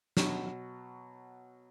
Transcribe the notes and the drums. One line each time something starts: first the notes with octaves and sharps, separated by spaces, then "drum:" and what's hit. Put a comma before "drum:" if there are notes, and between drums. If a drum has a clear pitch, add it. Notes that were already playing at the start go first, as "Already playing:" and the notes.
B2 F#3, drum: snare